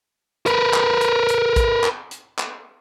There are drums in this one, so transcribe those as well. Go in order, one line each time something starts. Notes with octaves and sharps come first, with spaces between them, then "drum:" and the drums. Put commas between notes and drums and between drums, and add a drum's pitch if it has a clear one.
A#4 B4, drum: hi-hat
drum: clap
drum: hi-hat
drum: hi-hat
drum: kick A#1, hi-hat
drum: clap
drum: hi-hat
drum: clap